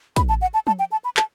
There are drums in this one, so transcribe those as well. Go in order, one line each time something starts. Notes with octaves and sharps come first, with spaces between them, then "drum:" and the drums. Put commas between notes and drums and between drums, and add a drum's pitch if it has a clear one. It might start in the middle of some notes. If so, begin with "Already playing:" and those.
B5, drum: kick, hi-hat
A5
F#5
A5
A5, drum: tom F3
G5
A5
B5
A5, drum: clap